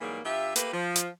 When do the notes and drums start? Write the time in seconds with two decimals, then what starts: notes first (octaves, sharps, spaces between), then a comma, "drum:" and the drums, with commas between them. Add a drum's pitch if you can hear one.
0.01 G#2 E3 F#3 G3 A#3 G#4
0.25 G2 F4 G4 E5
0.56 A3 A#3 G4 B4, drum: hi-hat
0.73 F3
0.96 drum: hi-hat